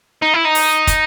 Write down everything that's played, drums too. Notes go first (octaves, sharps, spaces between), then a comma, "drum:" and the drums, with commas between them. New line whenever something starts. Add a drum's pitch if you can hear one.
D#4
E4
D#4
drum: open hi-hat
drum: kick, hi-hat